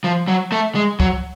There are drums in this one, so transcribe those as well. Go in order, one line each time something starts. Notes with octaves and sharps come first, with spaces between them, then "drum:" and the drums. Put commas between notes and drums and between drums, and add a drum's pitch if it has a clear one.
F3
F#3
A3
G#3
F#3, drum: kick C#2